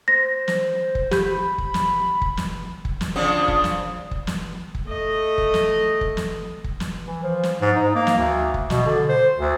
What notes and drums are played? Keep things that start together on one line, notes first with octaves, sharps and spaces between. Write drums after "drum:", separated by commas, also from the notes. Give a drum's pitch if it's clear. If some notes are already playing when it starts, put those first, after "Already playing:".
C5 A#6
drum: snare
drum: kick
G4 B5 G6, drum: snare
drum: kick
drum: snare
drum: kick
drum: snare
drum: kick
drum: snare
C#3 F3 D4
drum: kick
drum: snare
drum: kick
drum: snare
drum: kick
A3 D#5
drum: kick
drum: snare
drum: kick
drum: snare
drum: kick
drum: snare
E3
F3
drum: snare
G#2
D#4
A#3
drum: snare
D2
drum: kick
B2, drum: snare
D3
C5
D2